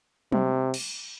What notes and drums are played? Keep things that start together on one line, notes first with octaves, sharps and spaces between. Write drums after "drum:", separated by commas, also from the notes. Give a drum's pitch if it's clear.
C3, drum: tom F#3
drum: cymbal